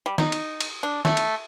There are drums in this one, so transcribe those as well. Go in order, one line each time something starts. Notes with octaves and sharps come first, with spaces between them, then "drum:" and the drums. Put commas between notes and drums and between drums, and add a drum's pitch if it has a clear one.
G3
D#4, drum: snare
drum: cymbal
drum: cymbal
D4
A3, drum: snare
drum: cymbal